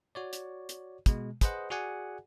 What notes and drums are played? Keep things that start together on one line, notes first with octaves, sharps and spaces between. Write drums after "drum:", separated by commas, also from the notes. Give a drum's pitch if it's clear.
F#4 C#5 D5
drum: hi-hat
drum: hi-hat
B2 G#3, drum: kick, hi-hat
G#4 B4 C5 D#5 F#5, drum: kick, hi-hat
F#4 G#4 D5 F#5 G#5